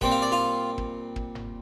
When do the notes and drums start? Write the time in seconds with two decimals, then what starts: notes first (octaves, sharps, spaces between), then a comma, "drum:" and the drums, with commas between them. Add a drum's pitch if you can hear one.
0.01 A#2 G3 C4 G5, drum: kick
0.11 F5
0.22 D5
0.32 F4 F5
0.78 drum: kick
1.16 drum: kick
1.35 drum: tom F#1